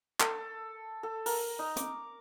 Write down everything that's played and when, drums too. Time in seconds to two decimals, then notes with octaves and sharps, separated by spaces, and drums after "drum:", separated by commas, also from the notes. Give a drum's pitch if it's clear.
0.20 A4, drum: clap
1.03 A4
1.26 A#4, drum: open hi-hat
1.59 D#4
1.76 D6, drum: hi-hat